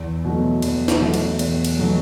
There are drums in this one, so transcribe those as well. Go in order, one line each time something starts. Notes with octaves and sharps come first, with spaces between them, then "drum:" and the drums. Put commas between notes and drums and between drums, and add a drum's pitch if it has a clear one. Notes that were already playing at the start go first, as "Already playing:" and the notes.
Already playing: E2
B2 F#3 A3
E2, drum: cymbal
drum: snare
B2 F#3 A3
drum: cymbal
E2, drum: cymbal
drum: cymbal
B2 F#3 A3